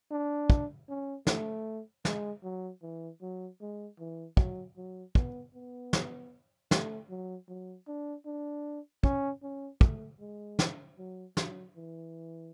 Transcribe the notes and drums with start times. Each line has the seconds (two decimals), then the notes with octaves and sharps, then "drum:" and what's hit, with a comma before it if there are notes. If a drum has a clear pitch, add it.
0.11 D4
0.50 drum: kick
0.89 C#4
1.27 A3, drum: snare
2.05 G#3, drum: snare
2.43 F#3
2.82 E3
3.22 F#3
3.61 G#3
3.99 E3
4.37 F#3, drum: kick
4.77 F#3
5.15 B3, drum: kick
5.54 B3
5.93 drum: snare
6.71 A3, drum: snare
7.09 F#3
7.49 F#3
7.87 D4
8.26 D4
9.04 C#4, drum: kick
9.42 C#4
9.81 A3, drum: kick
10.20 G#3
10.59 drum: snare
10.98 F#3
11.37 F#3, drum: snare
11.76 E3